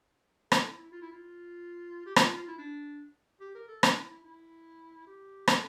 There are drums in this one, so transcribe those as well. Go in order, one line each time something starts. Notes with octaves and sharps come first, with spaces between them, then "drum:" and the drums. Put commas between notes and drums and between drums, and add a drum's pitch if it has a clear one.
A4, drum: rim click
E4
E4
F4
E4
F4
G4
F4, drum: rim click
F4
E4
D4
G4
A#4
A4
D4, drum: rim click
E4
E4
E4
G4
A4, drum: rim click